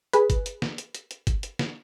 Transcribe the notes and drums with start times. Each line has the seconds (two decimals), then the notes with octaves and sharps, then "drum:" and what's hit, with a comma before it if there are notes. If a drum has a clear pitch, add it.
0.13 G#4 B4, drum: hi-hat
0.30 drum: kick G1, hi-hat
0.46 drum: hi-hat
0.62 drum: snare
0.78 drum: hi-hat
0.95 drum: hi-hat
1.11 drum: hi-hat
1.27 drum: kick G1, hi-hat
1.43 drum: hi-hat
1.59 drum: snare